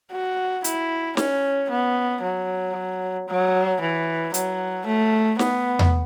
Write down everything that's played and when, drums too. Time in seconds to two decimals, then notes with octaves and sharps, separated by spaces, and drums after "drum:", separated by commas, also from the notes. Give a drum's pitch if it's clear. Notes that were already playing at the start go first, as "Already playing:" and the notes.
0.11 F#4
0.64 E4, drum: hi-hat
1.17 C#4, drum: snare
1.70 B3
2.22 F#3
3.28 F#3
3.81 E3
4.34 F#3, drum: hi-hat
4.86 A3
5.39 B3, drum: snare
5.79 drum: tom E2